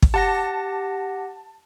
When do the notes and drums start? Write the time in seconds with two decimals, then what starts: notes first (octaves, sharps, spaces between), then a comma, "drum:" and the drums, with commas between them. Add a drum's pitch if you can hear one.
0.02 drum: kick
0.14 G4 F#5 A5 A#6